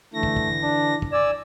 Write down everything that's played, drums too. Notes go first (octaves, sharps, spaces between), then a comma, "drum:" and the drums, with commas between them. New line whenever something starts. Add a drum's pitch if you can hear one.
D3 E3 A3 A#6
drum: kick
drum: kick
D4
drum: kick
D5 G#5 E6